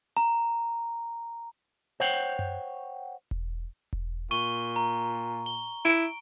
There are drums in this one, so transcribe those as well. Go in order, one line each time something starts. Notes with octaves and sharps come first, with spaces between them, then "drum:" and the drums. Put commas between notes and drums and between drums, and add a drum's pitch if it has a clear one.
A#5
C5 C#5 F#5 G5
drum: tom F#2
drum: kick E1
drum: kick E1
A#2 C#6 D#7 G7
A#5
G7
E4 D7